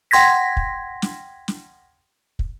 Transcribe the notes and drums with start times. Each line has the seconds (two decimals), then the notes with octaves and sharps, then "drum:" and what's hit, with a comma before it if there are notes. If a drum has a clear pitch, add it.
0.11 F#5 G5 C6 G#6 A#6 B6
0.57 drum: kick
1.02 drum: snare
1.48 drum: snare
2.39 drum: kick